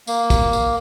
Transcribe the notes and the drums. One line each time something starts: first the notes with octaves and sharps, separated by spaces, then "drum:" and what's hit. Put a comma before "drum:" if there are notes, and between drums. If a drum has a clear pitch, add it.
A#3, drum: tambourine
drum: kick, tambourine
drum: tambourine